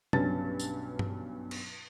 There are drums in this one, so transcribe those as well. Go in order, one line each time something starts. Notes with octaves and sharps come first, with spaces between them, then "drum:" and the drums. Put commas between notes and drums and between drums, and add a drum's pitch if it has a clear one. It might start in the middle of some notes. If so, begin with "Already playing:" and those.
B1 G2 B2 C#4 A5 A6, drum: tom
drum: tambourine
drum: tom G2
drum: cymbal